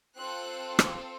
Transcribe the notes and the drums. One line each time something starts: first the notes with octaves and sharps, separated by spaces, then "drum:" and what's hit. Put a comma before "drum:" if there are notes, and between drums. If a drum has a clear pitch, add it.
C4 F4 A4 F#6
drum: rim click